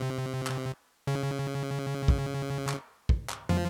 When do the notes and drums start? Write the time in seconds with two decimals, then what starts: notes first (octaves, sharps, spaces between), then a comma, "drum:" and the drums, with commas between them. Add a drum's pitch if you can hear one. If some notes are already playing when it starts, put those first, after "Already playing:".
Already playing: C3
0.47 drum: clap
1.07 C#3
2.08 drum: kick
2.69 drum: clap
3.09 drum: kick
3.29 drum: clap
3.49 F3, drum: tom